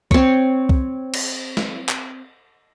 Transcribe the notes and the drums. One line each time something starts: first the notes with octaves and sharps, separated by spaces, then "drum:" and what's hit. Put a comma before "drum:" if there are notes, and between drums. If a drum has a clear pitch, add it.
C4 C#5, drum: kick
drum: kick
drum: cymbal
drum: snare
drum: clap